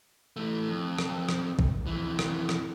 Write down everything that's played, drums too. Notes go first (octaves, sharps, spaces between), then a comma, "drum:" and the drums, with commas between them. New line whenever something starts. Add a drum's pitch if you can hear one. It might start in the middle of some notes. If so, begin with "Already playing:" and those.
E3 A3
F2
drum: rim click
drum: rim click
drum: kick A#1
F2 E3
drum: rim click
drum: rim click